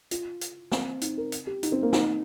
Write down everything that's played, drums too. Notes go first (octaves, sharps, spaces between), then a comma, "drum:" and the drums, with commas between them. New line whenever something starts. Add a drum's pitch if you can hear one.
F4, drum: hi-hat
drum: hi-hat
C4, drum: snare
D#4, drum: hi-hat
A#4
drum: hi-hat
G4
D#4, drum: hi-hat
C4
A#3
D#4, drum: snare